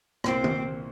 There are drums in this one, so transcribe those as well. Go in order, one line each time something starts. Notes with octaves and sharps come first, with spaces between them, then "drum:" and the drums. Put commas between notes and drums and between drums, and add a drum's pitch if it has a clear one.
C2 A#2 A#3 C4 F4 C5, drum: rim click
drum: tom